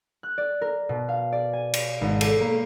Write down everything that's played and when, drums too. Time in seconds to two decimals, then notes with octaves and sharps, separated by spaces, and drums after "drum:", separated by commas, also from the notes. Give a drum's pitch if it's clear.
0.23 F#6
0.38 D5
0.62 A#4
0.89 B2
1.09 F5
1.32 D5
1.53 G#5
1.74 drum: cymbal
2.01 G#1
2.21 A4, drum: cymbal
2.40 A#3